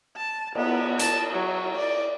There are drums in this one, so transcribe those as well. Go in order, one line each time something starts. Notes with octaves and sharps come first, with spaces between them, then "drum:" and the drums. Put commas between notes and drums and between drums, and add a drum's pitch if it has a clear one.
A5
B3, drum: cymbal
A5, drum: hi-hat
F#3
D5